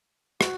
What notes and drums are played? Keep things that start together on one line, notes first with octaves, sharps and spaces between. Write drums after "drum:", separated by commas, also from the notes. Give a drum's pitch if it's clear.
F#4, drum: rim click